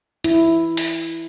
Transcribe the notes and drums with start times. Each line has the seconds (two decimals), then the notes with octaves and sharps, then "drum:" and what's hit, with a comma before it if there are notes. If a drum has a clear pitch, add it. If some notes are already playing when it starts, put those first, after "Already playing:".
0.24 E4, drum: hi-hat
0.77 drum: open hi-hat